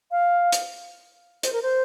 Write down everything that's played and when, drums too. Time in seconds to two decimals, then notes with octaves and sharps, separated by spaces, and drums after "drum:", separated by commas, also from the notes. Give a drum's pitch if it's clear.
0.11 F5
0.52 drum: hi-hat
1.43 C5, drum: hi-hat
1.53 A#4
1.62 C5